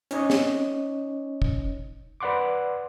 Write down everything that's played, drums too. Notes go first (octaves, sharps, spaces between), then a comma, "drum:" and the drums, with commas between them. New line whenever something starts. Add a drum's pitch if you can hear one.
C#4 D#4 C#5 D#5, drum: hi-hat
drum: snare
drum: kick
B4 D5 F#5 C6 D6